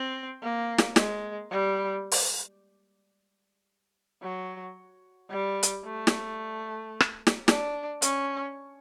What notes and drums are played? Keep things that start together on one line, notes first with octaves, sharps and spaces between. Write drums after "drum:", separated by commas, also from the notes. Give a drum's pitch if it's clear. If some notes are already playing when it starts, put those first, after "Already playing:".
Already playing: C4
A#3
drum: snare
G#3, drum: snare
G3
drum: open hi-hat
F#3
G3
drum: hi-hat
A3
drum: snare
drum: rim click
drum: snare
D4, drum: snare
C#4, drum: hi-hat